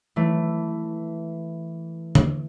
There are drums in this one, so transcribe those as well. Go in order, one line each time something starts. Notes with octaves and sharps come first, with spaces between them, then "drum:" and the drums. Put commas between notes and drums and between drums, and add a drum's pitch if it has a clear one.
E3 A3
drum: tom D3